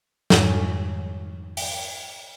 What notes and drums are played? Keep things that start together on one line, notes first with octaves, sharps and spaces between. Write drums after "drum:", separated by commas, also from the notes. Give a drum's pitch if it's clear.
F2 G#2 D#3 G3 C#5 G#5, drum: snare
drum: open hi-hat